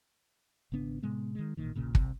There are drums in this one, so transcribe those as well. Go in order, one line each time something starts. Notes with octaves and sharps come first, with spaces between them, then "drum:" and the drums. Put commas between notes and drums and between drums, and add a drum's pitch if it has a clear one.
G#1 C#3 B3 D4
A2 C3 G#3 B3
D#3 G#3
A1 A#2 D#3
E1 A#1 A#2 C#3
C2 C3, drum: kick